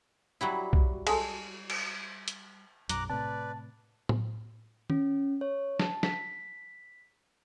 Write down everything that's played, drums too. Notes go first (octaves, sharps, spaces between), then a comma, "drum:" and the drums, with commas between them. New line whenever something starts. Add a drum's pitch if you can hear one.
F#3 G3 E4
drum: kick B1
G#3 A4, drum: cymbal
drum: cymbal
drum: hi-hat
B1 F#2 A#5 D6 F#6, drum: hi-hat
A2 C3 B4 D5 A5
drum: tom A2
C#4, drum: tom D#3
C#5
A5, drum: snare
B6, drum: snare